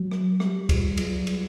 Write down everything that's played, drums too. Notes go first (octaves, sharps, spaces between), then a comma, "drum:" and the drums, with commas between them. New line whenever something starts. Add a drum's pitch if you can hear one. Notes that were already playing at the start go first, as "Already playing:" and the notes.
Already playing: F#3
drum: rim click
G3, drum: rim click
drum: kick C#2, cymbal
F#3, drum: cymbal
drum: cymbal